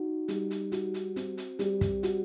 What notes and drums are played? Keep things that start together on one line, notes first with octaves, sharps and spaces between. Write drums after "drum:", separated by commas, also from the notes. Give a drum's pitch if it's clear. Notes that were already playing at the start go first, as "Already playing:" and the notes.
Already playing: D#4 F#4
G3, drum: hi-hat
drum: hi-hat
F#4, drum: hi-hat
drum: hi-hat
C4, drum: hi-hat
drum: hi-hat
G3, drum: hi-hat
drum: kick, hi-hat
F#4, drum: hi-hat